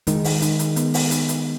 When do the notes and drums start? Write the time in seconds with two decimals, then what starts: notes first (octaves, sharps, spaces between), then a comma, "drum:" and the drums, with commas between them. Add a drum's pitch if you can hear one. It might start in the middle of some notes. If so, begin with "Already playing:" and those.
0.07 D#3 G#3, drum: hi-hat
0.24 drum: open hi-hat
0.42 D#4, drum: hi-hat
0.59 drum: hi-hat
0.76 B3, drum: hi-hat
0.94 drum: open hi-hat
1.11 D#4, drum: hi-hat
1.29 drum: hi-hat